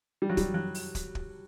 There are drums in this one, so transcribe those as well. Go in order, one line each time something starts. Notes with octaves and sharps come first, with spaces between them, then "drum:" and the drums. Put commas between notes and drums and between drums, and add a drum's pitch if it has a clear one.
G3
F#3
G3, drum: kick, hi-hat
F#3
drum: open hi-hat
drum: kick, hi-hat
drum: kick